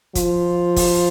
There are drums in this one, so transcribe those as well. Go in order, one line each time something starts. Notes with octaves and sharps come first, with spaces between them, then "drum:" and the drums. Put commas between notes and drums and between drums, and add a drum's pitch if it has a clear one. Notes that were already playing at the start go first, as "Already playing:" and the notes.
F3, drum: kick, hi-hat
drum: kick, open hi-hat